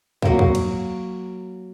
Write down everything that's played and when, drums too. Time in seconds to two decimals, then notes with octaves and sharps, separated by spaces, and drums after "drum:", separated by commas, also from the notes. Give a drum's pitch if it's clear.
0.22 F#3 A#3, drum: kick
0.39 drum: kick
0.55 drum: cymbal